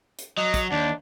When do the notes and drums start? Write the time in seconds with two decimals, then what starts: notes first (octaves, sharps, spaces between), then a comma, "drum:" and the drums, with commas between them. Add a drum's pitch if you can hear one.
0.19 drum: hi-hat
0.38 F#3 D#5
0.54 drum: kick, hi-hat
0.72 D#2 D4